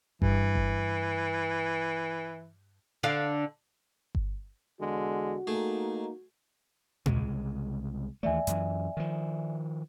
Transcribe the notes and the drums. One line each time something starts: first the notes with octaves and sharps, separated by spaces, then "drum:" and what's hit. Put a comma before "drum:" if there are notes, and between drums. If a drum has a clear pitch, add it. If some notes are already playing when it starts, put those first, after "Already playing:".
G2 E3, drum: kick G1
drum: kick G1
D3 D4 F5
drum: kick G1
E2 D3 G#3 F#4
A3 A#3 D#4 G#4
C2 C#3 G#3, drum: tom A#2
D#2 E3 A3 D5 E5 G#5
F#2 E3, drum: hi-hat
D#3 F3